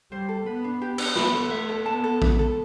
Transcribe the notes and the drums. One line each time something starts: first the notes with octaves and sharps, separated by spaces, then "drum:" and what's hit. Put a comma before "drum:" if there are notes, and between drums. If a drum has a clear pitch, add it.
G3 C5
A4
B3 B4
D4
G4
D4, drum: cymbal
B3 B5, drum: snare
A4
A3 E5
A4
B3 A5
A4
E5, drum: kick A#1
A4